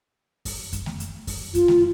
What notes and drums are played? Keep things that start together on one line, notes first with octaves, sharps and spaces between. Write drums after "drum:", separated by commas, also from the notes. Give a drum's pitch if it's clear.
drum: kick F#2, open hi-hat
drum: kick F#2, hi-hat
drum: snare A3
drum: hi-hat
drum: kick F#2, open hi-hat
F4, drum: kick F#2, hi-hat
drum: snare A3